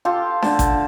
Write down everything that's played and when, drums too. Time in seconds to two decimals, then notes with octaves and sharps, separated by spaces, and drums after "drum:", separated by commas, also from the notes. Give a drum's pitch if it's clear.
0.05 F4 G4 A4
0.42 D3 A5, drum: snare D4
0.59 drum: kick G#1, hi-hat